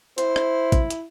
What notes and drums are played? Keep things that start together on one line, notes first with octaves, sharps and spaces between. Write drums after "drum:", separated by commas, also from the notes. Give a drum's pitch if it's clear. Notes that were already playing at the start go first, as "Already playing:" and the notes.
E4 C5, drum: hi-hat
drum: rim click
drum: kick, hi-hat
drum: hi-hat